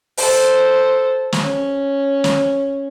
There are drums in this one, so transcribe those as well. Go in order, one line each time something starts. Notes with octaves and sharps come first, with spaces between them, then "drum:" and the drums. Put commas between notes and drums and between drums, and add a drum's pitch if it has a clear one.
A4 C5, drum: open hi-hat
drum: snare
C#4
drum: snare